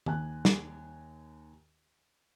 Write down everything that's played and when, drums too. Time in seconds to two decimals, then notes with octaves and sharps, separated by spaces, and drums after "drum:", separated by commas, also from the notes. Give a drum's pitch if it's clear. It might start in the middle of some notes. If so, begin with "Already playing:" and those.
0.06 D#2 G#5 F#6, drum: tom D#3
0.45 drum: snare